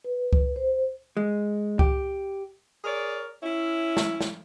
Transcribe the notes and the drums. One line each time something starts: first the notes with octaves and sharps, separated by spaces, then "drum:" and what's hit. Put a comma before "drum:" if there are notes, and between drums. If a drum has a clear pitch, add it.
B4
drum: kick C#2
C5
G#3
G4, drum: kick C#2
G#4 A#4 C#5 D5
C#4 E4
drum: snare
drum: snare